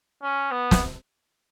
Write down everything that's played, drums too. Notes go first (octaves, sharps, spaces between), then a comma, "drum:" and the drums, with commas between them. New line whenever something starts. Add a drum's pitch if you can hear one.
C#4
B3
drum: snare